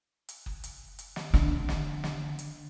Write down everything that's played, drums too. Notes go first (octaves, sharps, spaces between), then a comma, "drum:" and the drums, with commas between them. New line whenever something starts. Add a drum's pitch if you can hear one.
drum: hi-hat
drum: kick F#1
drum: hi-hat
drum: hi-hat
drum: snare
D3, drum: snare
drum: snare
drum: snare
drum: hi-hat